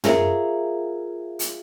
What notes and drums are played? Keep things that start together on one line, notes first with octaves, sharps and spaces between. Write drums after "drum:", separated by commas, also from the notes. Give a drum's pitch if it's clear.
F4 G#4 A#4 C#5 E5 F5, drum: tom
drum: hi-hat